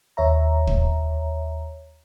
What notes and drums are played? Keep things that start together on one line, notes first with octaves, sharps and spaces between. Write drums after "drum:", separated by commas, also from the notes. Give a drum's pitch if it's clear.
D#2 C#5 E5 A#5
drum: kick